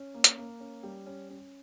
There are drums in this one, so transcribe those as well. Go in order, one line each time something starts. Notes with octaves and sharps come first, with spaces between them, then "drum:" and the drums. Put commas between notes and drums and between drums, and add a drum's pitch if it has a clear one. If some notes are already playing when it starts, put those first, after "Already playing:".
Already playing: C#4
A#3
drum: hi-hat
A#3
C#4
G3
C#4
C#4